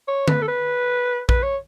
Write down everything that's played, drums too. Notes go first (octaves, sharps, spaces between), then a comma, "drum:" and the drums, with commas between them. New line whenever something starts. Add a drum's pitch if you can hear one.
C#5
B4, drum: tom D3
A4
B4
B4, drum: kick A#1
C#5